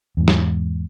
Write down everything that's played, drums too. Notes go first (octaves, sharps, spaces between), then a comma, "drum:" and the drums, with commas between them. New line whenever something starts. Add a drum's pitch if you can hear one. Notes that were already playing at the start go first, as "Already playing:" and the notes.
E2 G#2
drum: snare